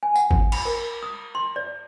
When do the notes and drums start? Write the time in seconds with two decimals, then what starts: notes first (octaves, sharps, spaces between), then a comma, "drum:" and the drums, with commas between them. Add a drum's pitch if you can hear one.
0.03 G#5
0.16 F#5, drum: tambourine
0.31 drum: kick G#1
0.52 B5, drum: cymbal
0.65 A#4
1.03 D#6
1.35 C6
1.56 D5